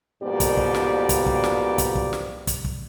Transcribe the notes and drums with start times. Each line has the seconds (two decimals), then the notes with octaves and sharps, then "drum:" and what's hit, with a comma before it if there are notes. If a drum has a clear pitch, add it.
0.23 F2 G#2 B2 A#3 G4 D5
0.40 drum: kick, hi-hat
0.57 drum: kick
0.75 drum: snare
1.09 drum: kick, hi-hat
1.26 drum: kick
1.44 drum: snare
1.78 drum: kick, hi-hat
1.95 drum: kick
2.13 drum: snare
2.47 drum: kick, hi-hat
2.65 drum: kick